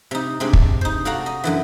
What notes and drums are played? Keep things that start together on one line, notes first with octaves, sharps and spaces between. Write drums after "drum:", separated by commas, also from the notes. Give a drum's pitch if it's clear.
C3 D#4
C3 G#3 C4 D4
drum: kick
D#4 C5
F#4 A4 D5 F5 A#5
D#5
F#2 D3 E3